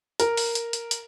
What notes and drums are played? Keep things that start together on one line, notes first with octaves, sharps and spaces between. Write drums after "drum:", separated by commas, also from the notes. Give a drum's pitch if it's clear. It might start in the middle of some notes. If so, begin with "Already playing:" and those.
A#4, drum: hi-hat
drum: open hi-hat
drum: hi-hat
drum: hi-hat
drum: hi-hat